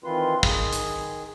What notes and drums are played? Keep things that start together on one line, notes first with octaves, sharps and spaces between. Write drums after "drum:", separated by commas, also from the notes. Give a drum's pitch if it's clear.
D#3 E3 C4 F4 B4 C6
D#3 G#4, drum: kick
drum: hi-hat